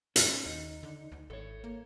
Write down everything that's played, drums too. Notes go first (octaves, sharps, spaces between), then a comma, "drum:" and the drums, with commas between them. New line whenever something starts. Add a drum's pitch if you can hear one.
C#4, drum: hi-hat
D#2 D#4
D3
D2
G#1 A4 C#5
A#3